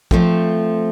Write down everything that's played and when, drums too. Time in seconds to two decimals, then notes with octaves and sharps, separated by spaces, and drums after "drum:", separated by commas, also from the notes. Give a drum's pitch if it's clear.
0.11 F3 A3 C4, drum: kick